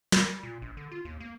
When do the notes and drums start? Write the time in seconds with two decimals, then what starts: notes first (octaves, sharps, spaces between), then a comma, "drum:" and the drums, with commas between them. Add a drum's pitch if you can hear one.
0.12 A#4, drum: snare
0.28 G3
0.43 A#2
0.62 A#1
0.77 D3
0.91 F4
1.05 D#2
1.20 A#3